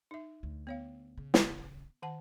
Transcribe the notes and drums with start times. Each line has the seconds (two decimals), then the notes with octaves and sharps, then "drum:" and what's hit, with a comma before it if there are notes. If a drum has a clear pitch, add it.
0.11 D#4 E5
0.43 D2
0.67 B3 C#5 F5
1.18 C#3
1.34 drum: snare
2.02 D#3 F#5 A5